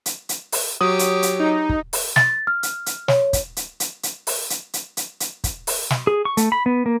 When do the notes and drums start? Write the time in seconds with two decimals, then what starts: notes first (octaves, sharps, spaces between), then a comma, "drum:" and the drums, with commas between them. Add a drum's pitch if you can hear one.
0.06 drum: hi-hat
0.29 drum: hi-hat
0.52 drum: open hi-hat
0.81 F#3 G4 C#5 D#6
0.99 drum: hi-hat
1.23 drum: hi-hat
1.39 D#4
1.69 drum: kick
1.93 drum: open hi-hat
2.16 A6, drum: snare
2.47 F6
2.63 drum: hi-hat
2.86 drum: hi-hat
3.08 C#5, drum: snare
3.33 drum: kick, hi-hat
3.57 drum: hi-hat
3.80 drum: hi-hat
4.03 drum: hi-hat
4.27 drum: open hi-hat
4.50 drum: hi-hat
4.73 drum: hi-hat
4.97 drum: hi-hat
5.20 drum: hi-hat
5.44 drum: kick, hi-hat
5.67 drum: open hi-hat
5.90 drum: snare
6.07 G#4
6.25 C#6
6.37 A3, drum: hi-hat
6.52 B5
6.66 B3
6.86 A#3